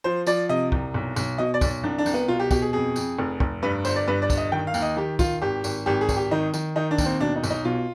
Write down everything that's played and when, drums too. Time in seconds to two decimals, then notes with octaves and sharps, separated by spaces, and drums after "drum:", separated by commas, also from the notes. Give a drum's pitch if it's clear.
0.04 F3 C5
0.27 F3 D5, drum: tambourine
0.49 C3 D#5
0.72 C2, drum: kick
0.94 B1
1.16 B1, drum: tambourine
1.38 B2 D#5
1.54 D5
1.61 B1, drum: kick, tambourine
1.83 C2 D4
1.98 D4
2.06 C2, drum: tambourine
2.14 B3
2.28 B2 F4
2.39 G4
2.51 B2 G4, drum: kick, tambourine
2.62 G#4
2.73 F2 G#4
2.96 F2, drum: tambourine
3.19 F1
3.40 F1, drum: kick
3.62 G2 B4
3.85 G1 C5, drum: tambourine
3.96 D5
4.08 G2 B4
4.22 D5
4.30 G1, drum: kick, tambourine
4.37 D#5
4.52 D#3 G5
4.67 F5
4.74 D#2, drum: tambourine
4.82 D#5
4.96 D#3 G4
5.19 D#3 F4, drum: kick, tambourine
5.42 G#1 G4
5.64 G#1, drum: tambourine
5.86 G#1 G4
6.01 G#4
6.09 G#1, drum: kick, tambourine
6.16 G4
6.31 D#3 D#4
6.54 D#3, drum: tambourine
6.76 D#3 D#4
6.91 D4
6.98 D#2, drum: kick, tambourine
7.05 C4
7.21 B2 D4
7.36 D#4
7.44 B1, drum: tambourine
7.50 D#4
7.65 B2 F4